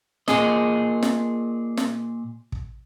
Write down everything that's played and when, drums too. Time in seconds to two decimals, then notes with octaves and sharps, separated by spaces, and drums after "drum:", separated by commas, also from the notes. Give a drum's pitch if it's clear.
0.28 A#2 G#4 D#5, drum: snare
1.03 drum: snare
1.77 drum: snare
2.52 drum: kick